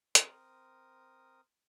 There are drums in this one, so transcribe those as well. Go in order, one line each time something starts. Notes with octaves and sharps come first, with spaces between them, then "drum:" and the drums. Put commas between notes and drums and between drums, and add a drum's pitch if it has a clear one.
C4 A#4 D#6, drum: hi-hat